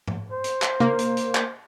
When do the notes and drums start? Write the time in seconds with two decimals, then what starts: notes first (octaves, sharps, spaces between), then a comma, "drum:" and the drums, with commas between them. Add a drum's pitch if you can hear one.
0.08 drum: tom
0.32 C5
0.44 drum: hi-hat
0.62 drum: clap
0.80 A#3, drum: tom
0.99 drum: hi-hat
1.17 drum: hi-hat
1.35 drum: clap